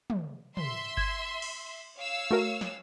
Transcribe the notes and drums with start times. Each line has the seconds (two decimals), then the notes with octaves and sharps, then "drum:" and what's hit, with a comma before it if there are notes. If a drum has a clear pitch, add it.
0.10 drum: tom
0.57 E5 C6, drum: tom
0.97 G#6, drum: kick G1
1.42 drum: cymbal
1.98 C#5 F5 E6
2.31 A3 F#4 A#4
2.61 drum: snare